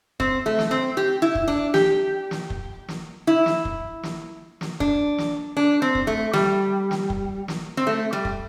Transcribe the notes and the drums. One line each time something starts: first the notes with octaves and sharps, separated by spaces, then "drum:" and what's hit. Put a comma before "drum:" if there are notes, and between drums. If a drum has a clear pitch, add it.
C4, drum: kick
A3
drum: snare
C4
G4
E4
drum: kick
D4
G4, drum: snare
drum: snare
drum: kick
drum: snare
E4
drum: snare
drum: kick
drum: snare
drum: snare
D4, drum: kick
drum: snare
D4
C4
drum: kick
A3
G3, drum: snare
drum: snare
drum: kick
drum: snare
C4
A3
G3
drum: kick